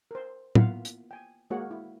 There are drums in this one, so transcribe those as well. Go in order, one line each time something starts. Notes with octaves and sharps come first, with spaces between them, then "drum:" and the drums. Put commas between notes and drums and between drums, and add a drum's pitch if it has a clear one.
A#4 C5
A#3 B3 E4 F4 F5 F#5, drum: tom
drum: hi-hat
G5 G#5
G#3 A#3 F#4 G#4 C#5 F#5
E4